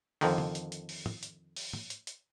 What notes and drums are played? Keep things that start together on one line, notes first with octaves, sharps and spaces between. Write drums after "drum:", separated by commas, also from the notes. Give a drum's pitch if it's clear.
F2 D3 D#3, drum: open hi-hat
drum: tom
drum: hi-hat
drum: hi-hat
drum: open hi-hat
drum: tom
drum: hi-hat
drum: open hi-hat
drum: tom
drum: hi-hat
drum: hi-hat